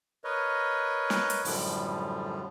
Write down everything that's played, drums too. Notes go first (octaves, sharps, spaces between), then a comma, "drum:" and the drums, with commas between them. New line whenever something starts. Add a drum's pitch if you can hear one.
A#4 B4 C#5 D#5
drum: snare
drum: hi-hat
F#2 A2 D3 F3 G3, drum: open hi-hat